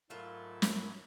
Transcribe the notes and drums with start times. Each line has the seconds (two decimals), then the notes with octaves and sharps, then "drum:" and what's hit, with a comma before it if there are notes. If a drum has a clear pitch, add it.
0.10 G#2 F#3 A3 F4 A#4 E5 B5
0.62 drum: snare